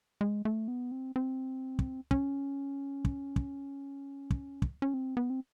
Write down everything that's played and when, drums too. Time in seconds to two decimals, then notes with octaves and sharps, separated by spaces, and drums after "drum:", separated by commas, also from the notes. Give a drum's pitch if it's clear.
0.21 G#3
0.45 A3
0.68 B3
0.92 C4
1.16 C4
1.79 drum: kick
2.11 C#4, drum: kick
3.05 drum: kick
3.36 drum: kick
4.30 drum: kick
4.62 drum: kick
4.82 C#4
4.94 C4
5.17 B3
5.30 C4